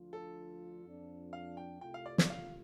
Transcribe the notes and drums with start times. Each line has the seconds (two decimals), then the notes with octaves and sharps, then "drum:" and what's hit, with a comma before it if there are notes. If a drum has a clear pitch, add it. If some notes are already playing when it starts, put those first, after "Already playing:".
Already playing: D2 D3 F3 D4 F4
0.13 A4
0.85 F2 F3 D4
1.33 F5
1.57 G5
1.81 C2 C3 A3 F4 G5
1.94 F5
2.06 D5
2.18 D5, drum: snare
2.30 F5